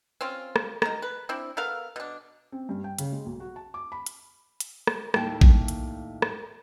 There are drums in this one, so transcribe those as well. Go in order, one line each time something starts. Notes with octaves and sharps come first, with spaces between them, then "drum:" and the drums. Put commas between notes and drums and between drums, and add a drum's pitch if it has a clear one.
C4 C#4 F4
drum: rim click
D#3 A#5, drum: rim click
B4
C4 D4 E4
B3 A4 A#4 F5
B2 D4
C4
G2
G5
C#3, drum: hi-hat
G#3
B1
F#4
A5
D6
B5
drum: hi-hat
drum: hi-hat
drum: rim click
D#2 A2 A#3 A4 G5 A5, drum: rim click
drum: kick A1
drum: hi-hat
drum: rim click